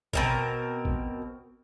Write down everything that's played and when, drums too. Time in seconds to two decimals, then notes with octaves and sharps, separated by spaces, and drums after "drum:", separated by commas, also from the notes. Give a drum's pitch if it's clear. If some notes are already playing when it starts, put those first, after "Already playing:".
0.13 B2 C4 A#4, drum: kick
0.85 drum: kick